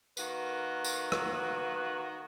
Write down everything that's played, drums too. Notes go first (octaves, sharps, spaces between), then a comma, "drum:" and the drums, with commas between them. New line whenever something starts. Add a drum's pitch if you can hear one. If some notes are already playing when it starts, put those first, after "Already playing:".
D#3 A#3 F#4 B4, drum: tambourine
drum: tambourine
drum: rim click